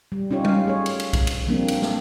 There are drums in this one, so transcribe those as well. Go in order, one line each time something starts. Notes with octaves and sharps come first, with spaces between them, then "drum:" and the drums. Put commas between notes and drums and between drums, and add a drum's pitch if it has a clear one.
G3
C#4 D#4 F4 G4 C#5
F5, drum: tom G3
A3 G#4 C#5
drum: cymbal
drum: cymbal
drum: kick B1, cymbal
drum: cymbal
F3 G3 A#3 C4 D4
drum: cymbal
drum: snare